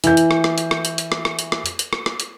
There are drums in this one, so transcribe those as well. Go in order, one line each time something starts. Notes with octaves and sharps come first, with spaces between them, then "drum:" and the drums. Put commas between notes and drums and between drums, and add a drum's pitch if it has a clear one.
E3 G6, drum: hi-hat
drum: hi-hat
drum: rim click
drum: rim click
drum: hi-hat
drum: rim click
drum: hi-hat
drum: hi-hat
drum: rim click
drum: rim click
drum: hi-hat
drum: rim click
drum: hi-hat
drum: hi-hat
drum: rim click
drum: rim click
drum: hi-hat